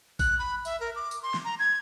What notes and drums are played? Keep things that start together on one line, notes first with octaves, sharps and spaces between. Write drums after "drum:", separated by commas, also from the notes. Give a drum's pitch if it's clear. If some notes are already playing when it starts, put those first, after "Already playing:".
F#6, drum: kick A1, tambourine
B5
E5, drum: tambourine
A#4
D6
drum: tambourine
C6
drum: snare
A#5
G#6